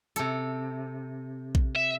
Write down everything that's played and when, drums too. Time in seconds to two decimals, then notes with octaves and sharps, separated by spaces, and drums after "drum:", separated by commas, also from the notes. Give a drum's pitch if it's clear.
0.16 C3 A4, drum: hi-hat
1.55 drum: kick A#1
1.75 E5